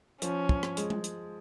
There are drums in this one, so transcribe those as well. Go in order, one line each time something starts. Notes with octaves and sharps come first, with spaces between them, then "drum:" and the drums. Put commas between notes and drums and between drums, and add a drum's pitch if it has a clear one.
F3 C#4, drum: hi-hat
drum: kick
drum: rim click
G#3, drum: hi-hat
drum: tom G#3
drum: hi-hat